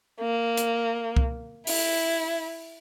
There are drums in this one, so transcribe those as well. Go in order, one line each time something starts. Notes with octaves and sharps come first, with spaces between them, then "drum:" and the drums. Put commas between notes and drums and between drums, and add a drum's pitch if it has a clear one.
A#3
drum: hi-hat
drum: kick C2
E4, drum: open hi-hat